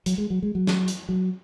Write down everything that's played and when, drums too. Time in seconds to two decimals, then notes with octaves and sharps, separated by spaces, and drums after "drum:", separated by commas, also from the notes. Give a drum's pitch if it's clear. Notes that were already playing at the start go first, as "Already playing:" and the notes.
0.06 F#3, drum: hi-hat
0.18 G#3
0.30 F#3
0.43 G#3
0.55 F#3
0.67 drum: snare
0.88 drum: hi-hat
1.09 F#3